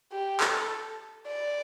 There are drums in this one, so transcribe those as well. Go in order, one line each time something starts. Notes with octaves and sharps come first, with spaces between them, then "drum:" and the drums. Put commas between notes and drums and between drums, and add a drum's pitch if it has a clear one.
G4
A4, drum: clap
D5